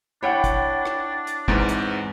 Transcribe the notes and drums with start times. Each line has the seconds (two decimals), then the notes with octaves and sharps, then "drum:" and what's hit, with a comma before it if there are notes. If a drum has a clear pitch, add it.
0.22 D4 E4 C#5 F#5 G5 B5
0.44 drum: kick, hi-hat
0.85 drum: rim click
1.27 drum: hi-hat
1.48 E2 G#2 C4 B4 D7, drum: kick
1.69 drum: hi-hat